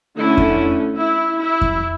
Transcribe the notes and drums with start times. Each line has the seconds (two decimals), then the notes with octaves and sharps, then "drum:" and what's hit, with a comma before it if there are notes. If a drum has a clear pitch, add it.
0.17 D3 A3 C#4 E4
0.38 drum: kick F2
0.99 E4
1.41 E4
1.61 drum: kick F2